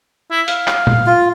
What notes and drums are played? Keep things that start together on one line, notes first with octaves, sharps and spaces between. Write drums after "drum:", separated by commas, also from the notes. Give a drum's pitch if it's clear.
E4
F5, drum: hi-hat
drum: clap
drum: tom A#2
F4